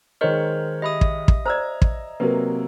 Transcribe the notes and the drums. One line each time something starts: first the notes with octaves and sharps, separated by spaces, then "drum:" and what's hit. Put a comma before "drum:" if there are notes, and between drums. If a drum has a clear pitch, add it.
D#3 G#3 A#4 C5 C#5 D#5
G4 D#5 E5 B5 D#6
drum: kick
drum: kick
C5 D5 A#5 E6 G#6
drum: kick
C3 F#3 A#3 A#4 B4